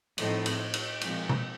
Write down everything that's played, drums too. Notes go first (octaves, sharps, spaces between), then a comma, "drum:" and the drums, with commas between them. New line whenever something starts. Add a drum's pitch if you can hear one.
A2 F3 A3 C4 D#4, drum: cymbal
drum: cymbal
drum: cymbal
A#2 F3 G#3 C4, drum: cymbal
drum: tom